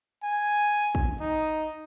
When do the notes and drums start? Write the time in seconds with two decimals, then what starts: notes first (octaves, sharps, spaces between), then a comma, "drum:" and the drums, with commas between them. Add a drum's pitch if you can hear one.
0.23 G#5
0.95 drum: kick
1.20 D#4